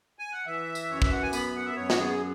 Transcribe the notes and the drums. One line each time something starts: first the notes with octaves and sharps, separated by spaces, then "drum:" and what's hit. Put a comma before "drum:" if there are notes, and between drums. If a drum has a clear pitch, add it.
G#5
F#5
E3 E5
drum: tambourine
F#2 C#5
E5, drum: kick
F#5
G#5
B3 B5, drum: tambourine
F#5
E5
F#2 C#5
F#4, drum: snare
G#4